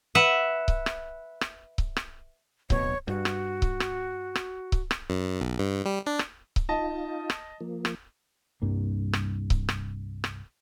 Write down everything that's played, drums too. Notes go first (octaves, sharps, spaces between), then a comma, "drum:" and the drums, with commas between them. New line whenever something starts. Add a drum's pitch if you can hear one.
B4 E5 F#5
drum: kick C#1
drum: rim click
drum: rim click
drum: kick C#1
drum: rim click
D1 B2 C#5, drum: kick C#1
G2 F#4
drum: rim click
drum: kick C#1
drum: rim click
drum: rim click
drum: kick C#1
drum: rim click
F#2
B1
G2
G3
D4
drum: rim click
drum: kick C#1
D#4 F4 D#5 A5
drum: rim click
F3 A#3
drum: rim click
C2 G2 G3 A#3
drum: rim click
drum: kick C#1
drum: rim click
drum: rim click